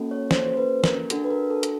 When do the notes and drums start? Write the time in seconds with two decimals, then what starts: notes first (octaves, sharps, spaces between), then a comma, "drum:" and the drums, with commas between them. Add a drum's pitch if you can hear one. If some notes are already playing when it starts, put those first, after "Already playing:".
Already playing: A#3 C#4 F#4 A4
0.11 C#5
0.31 C5, drum: snare
0.48 C5
0.57 B4
0.84 A#4, drum: snare
1.10 D4 F#4 A4, drum: hi-hat
1.24 B4
1.30 A#4
1.50 A4
1.63 drum: hi-hat